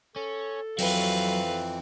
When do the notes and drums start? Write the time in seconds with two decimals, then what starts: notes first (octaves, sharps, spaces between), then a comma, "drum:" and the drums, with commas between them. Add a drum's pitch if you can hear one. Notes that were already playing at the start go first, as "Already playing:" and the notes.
0.16 C#4 A4
0.78 F2 E3 F#3 C4 B4 F5, drum: open hi-hat